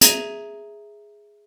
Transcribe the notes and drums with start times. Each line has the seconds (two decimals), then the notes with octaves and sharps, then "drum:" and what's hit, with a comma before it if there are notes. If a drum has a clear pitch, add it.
0.01 G#4 E5 A#5 G#6 D#7 F7, drum: hi-hat